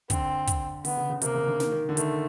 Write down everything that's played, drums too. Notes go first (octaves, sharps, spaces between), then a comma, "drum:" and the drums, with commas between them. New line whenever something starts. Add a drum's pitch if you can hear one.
D3 C4, drum: kick, hi-hat
drum: kick, hi-hat
D3 B3, drum: open hi-hat
C#3
C#3
C3 A#3, drum: hi-hat
C#3
D3
D#3, drum: snare
D#3
D3
D#3 A3, drum: hi-hat